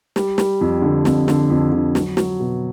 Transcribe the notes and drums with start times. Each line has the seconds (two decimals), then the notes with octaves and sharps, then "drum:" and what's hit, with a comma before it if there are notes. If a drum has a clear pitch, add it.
0.16 G3, drum: snare
0.38 G3, drum: snare
0.61 F2
0.82 D3
1.05 F2, drum: snare
1.28 D3, drum: snare
1.50 F2
1.72 D3
1.95 F#3, drum: snare
2.17 F#3, drum: snare
2.40 B2